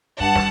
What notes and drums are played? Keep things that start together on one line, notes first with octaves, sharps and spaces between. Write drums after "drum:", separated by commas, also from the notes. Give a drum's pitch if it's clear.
G2 F#5 A5, drum: kick
drum: snare